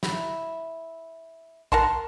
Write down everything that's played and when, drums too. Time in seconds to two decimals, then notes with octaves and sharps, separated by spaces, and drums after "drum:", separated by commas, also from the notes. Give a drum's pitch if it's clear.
0.03 E4, drum: snare
1.72 A#4 F#5 A5 C6, drum: kick